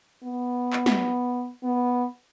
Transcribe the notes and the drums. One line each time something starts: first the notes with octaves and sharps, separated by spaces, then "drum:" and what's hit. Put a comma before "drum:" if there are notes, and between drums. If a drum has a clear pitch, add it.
B3
drum: clap
drum: snare
B3